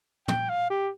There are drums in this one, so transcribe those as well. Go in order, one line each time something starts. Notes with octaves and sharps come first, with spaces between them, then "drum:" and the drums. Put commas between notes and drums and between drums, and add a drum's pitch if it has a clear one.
G5, drum: tom
F5
G4